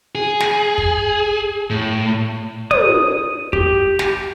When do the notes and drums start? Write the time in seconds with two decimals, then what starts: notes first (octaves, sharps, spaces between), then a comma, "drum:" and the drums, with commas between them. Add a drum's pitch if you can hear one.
0.15 G#4
0.40 drum: snare
0.78 drum: kick
1.70 A2
2.71 D#6, drum: tom
3.53 G4, drum: kick
3.99 drum: snare